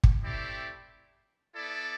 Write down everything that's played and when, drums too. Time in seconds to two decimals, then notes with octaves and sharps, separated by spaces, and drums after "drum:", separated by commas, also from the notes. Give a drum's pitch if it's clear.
0.04 drum: kick
0.24 A3 C4 E4 G4 D5
1.56 B3 E4 A4 D5